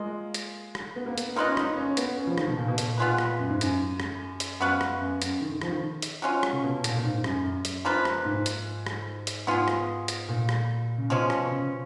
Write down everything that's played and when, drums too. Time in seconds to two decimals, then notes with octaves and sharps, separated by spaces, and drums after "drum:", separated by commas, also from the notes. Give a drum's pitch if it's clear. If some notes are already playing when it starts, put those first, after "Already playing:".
Already playing: G#3 A#3 F4 D#5
0.34 drum: hi-hat
0.75 drum: rim click
0.96 B3
1.06 A#3
1.18 B3, drum: hi-hat
1.36 A#3 D#4 F4 B4 D#5
1.46 C#4
1.57 D#4, drum: rim click
1.76 C#4
1.97 B3, drum: hi-hat
2.17 C#4
2.27 F3
2.38 D#3, drum: rim click
2.47 B2
2.57 A#2
2.68 B2
2.78 A#2, drum: hi-hat
2.98 B3 F4 G#4 B4
3.18 drum: rim click
3.38 F#2
3.50 G#2
3.61 F#2, drum: hi-hat
4.00 drum: rim click
4.40 drum: hi-hat
4.60 F#2 B3 F#4 B4 F5
4.81 drum: rim click
5.00 F#2
5.22 F#2, drum: hi-hat
5.41 D#3
5.52 D#3
5.62 F3, drum: rim click
5.72 D#3
6.02 drum: hi-hat
6.22 F#3 C#4 F4
6.43 drum: rim click
6.53 C#3
6.64 B2
6.84 A#2, drum: hi-hat
6.97 A#2
7.04 G#2
7.24 F#2, drum: rim click
7.44 F#2
7.65 drum: hi-hat
7.85 F3 A#3 F4 B4
8.05 drum: rim click
8.25 G#2
8.46 drum: hi-hat
8.86 drum: rim click
9.27 drum: hi-hat
9.47 G#2 B3 F4 G#4
9.68 drum: rim click
10.08 drum: hi-hat
10.29 A#2
10.49 drum: rim click
10.98 C#3
11.10 B2 F3 G#3 C#4
11.30 drum: rim click
11.41 B2
11.51 C#3